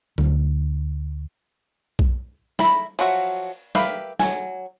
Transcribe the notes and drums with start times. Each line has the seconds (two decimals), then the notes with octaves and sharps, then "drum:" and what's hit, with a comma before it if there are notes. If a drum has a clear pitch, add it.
0.18 D2, drum: tom F#3
1.99 drum: kick B1
2.59 E4 A#5 B5, drum: snare
2.99 F3 F#3 F#4 E5, drum: cymbal
3.75 G4 A#4 B4 E5 F5, drum: snare
4.19 F#3 A4 G#5, drum: snare